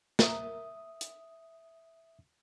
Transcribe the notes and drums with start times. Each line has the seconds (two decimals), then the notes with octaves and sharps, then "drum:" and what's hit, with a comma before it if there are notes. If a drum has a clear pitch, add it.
0.19 A#4 E5 D#6, drum: snare
1.01 drum: hi-hat